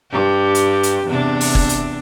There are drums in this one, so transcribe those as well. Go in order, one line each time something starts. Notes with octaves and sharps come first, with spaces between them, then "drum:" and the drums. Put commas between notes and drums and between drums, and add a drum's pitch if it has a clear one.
G2 G4
drum: hi-hat
drum: hi-hat
E2 C3 D4
drum: open hi-hat
drum: kick
drum: hi-hat